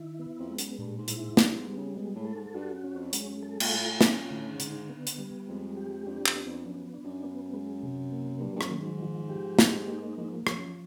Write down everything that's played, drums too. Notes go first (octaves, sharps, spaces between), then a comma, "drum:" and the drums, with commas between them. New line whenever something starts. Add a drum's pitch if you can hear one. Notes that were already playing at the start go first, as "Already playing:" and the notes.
Already playing: D#3 E4
B3
F2
G#3
F#2, drum: hi-hat
G2 A#2
G#2
E4, drum: hi-hat
G#2
G2 B3, drum: snare
G#2
G3
C#3
B2 G#3
A2
A4
G#2
G2 F#4
F#2
C#4
F2
F#2 G#3, drum: hi-hat
A4
A#2, drum: cymbal
A2 F4
A#2 C#4, drum: snare
A2 D3
G#2
D3, drum: hi-hat
G#2
B3
drum: hi-hat
G3
F2 G#3
G4
F2 D4
F2, drum: clap
B3
F2
F#2 F3
D4
F#2
B3
G#3
C3
A#3
G2 F#3
G2
F#2, drum: rim click
D#3
G#2
F3
G4
D#4, drum: snare
A#3
G#2 F3
F3, drum: rim click
F#2